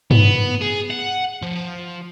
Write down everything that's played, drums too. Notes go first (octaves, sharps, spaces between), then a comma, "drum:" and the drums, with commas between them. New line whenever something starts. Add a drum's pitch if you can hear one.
B3, drum: tom G2
G#4
F#5
F3